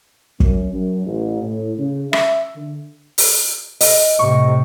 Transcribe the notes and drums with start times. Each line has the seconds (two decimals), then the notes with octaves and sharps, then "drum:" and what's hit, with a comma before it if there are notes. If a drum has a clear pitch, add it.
0.40 F#2, drum: kick
0.73 F#2
1.06 A1
1.42 A2
1.78 C#3
2.13 E5, drum: rim click
2.56 D3
3.18 drum: open hi-hat
3.81 D#5, drum: open hi-hat
4.19 A2 C3 C#6